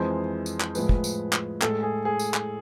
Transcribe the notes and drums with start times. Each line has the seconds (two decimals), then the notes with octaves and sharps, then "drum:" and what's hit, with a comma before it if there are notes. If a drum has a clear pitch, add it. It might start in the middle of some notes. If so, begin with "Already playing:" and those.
Already playing: F2 E3 G#3 C5
0.46 drum: tambourine
0.60 drum: clap
0.75 A2 F3 G#3 B4, drum: tambourine
0.89 drum: kick
1.04 drum: tambourine
1.33 drum: clap
1.62 A2 G#3 A4, drum: clap
1.83 G#4
2.05 G#4
2.19 drum: tambourine
2.34 drum: clap